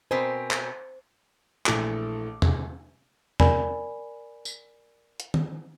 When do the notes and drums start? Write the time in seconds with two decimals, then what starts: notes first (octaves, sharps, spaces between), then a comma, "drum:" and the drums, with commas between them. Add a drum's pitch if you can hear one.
0.11 B2 C4 A#4 C5 G#5 B6
0.51 drum: clap
1.66 A#1 E3 A3 A4 D6, drum: clap
2.42 drum: tom
3.40 A#4 D5 G#5 B5, drum: tom
4.45 drum: tambourine
5.20 drum: hi-hat
5.34 drum: tom